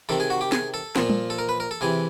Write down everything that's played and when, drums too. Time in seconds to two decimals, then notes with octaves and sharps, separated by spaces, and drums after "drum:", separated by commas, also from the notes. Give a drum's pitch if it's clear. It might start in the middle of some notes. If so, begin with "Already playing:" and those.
0.09 C3 D#3 A4
0.20 G#4
0.30 F#4
0.41 G4
0.52 G#4, drum: snare
0.74 A4
0.96 A#2 F3, drum: snare
1.10 drum: tom G3
1.30 A4
1.38 A#4
1.49 B4
1.60 A#4
1.71 A4
1.81 C3 E3 G#4